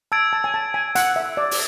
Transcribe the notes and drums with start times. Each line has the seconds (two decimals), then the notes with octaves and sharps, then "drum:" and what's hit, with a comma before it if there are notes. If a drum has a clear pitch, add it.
0.12 A5 E6 G#6 D7
0.33 A5
0.44 G#5
0.54 A5
0.74 G#5
0.95 F#5, drum: hi-hat
1.16 E5
1.37 D5
1.51 drum: open hi-hat